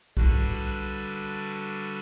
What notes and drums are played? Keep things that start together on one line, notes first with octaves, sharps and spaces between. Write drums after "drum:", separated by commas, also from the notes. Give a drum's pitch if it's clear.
D3 G3 D4 F#4 B4, drum: kick B1